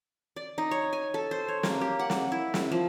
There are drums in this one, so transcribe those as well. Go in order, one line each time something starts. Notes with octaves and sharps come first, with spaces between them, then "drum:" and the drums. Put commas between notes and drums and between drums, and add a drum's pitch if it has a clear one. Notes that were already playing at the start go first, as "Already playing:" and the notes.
D5
D#4
C#5
G#5
A4
C5
C#5
A#3, drum: snare
G4
F#5
drum: snare
E4
drum: snare
F3